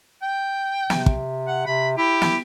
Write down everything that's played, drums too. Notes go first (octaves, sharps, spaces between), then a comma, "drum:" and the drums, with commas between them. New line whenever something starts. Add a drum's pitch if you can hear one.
G5
C3, drum: snare
drum: kick
F#5
C3 B5
E4 G4
drum: snare